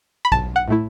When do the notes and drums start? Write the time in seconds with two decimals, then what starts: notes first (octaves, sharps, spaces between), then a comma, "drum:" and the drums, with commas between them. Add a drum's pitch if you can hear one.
0.25 B5
0.32 B1 A5, drum: kick A#1
0.56 F#5
0.68 A2 A3 E4